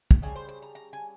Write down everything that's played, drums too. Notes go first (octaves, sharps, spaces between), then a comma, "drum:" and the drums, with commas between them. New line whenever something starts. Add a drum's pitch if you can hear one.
drum: kick
C#3 G3 G#5
C5
C5
A#5
A#5
G#5